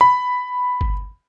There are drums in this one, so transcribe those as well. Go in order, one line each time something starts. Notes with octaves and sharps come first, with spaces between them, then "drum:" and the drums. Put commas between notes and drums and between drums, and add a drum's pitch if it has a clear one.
B5
drum: kick G1